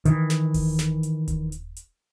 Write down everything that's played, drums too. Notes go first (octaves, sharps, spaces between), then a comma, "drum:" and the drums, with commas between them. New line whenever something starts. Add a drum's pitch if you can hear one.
D#3 E3, drum: hi-hat
drum: snare
drum: kick D#1, open hi-hat
drum: snare
drum: hi-hat
drum: kick D#1, hi-hat
drum: hi-hat
drum: hi-hat